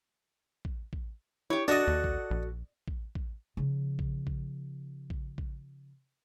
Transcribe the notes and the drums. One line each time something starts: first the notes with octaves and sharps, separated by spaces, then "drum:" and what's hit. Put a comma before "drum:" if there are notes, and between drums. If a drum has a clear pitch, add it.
drum: kick
drum: kick
E4 G4 C#5
D4 F#4 A4 D5 D#5
D#2
drum: kick
A#1
drum: kick
drum: kick
C#3 F3
drum: kick
drum: kick
drum: kick
drum: kick